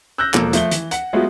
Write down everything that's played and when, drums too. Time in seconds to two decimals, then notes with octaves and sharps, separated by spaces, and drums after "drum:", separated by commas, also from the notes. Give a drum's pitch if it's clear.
0.18 E6 F#6 G6 A#6
0.34 E1 F3 A#3 A4 E6, drum: clap
0.53 F3 A3 G7, drum: hi-hat
0.71 E3, drum: hi-hat
0.91 F#5, drum: hi-hat
1.13 F#3 G#3 A3 B3 F4 F#4